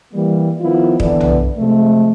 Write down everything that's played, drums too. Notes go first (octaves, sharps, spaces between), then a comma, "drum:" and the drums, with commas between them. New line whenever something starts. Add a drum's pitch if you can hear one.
E3 G3 A#3
D#3 F3 B3 E4 F4
D3 E3 B3 A4 B4 D5, drum: kick
drum: tom
C3 F3 G#3 A3